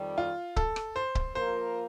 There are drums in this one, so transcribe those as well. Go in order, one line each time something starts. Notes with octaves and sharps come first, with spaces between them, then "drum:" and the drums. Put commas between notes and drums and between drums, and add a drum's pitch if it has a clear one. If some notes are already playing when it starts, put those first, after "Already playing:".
Already playing: F2 D#3 G3
F4
A4, drum: kick C#1
drum: rim click
C5
drum: kick C#1
F3 A#3 F4 A#4 C5